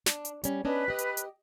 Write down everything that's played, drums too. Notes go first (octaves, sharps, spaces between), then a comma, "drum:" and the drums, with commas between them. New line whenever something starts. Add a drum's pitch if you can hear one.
D4, drum: snare
drum: hi-hat
G3 C#4, drum: hi-hat
C#4 D4 B4 D#5
G4 D#5
drum: hi-hat
drum: hi-hat